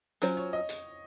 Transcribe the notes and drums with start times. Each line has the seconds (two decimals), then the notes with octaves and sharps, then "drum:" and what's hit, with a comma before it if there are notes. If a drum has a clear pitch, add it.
0.22 F#3 C#4 F4 C5, drum: hi-hat
0.37 C#5
0.53 D#5
0.69 drum: hi-hat